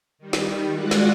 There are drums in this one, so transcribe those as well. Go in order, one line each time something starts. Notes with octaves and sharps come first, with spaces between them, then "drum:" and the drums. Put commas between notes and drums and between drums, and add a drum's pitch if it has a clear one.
D#3 G3
drum: snare
G#3 F4 F#4 D5 F#5
drum: snare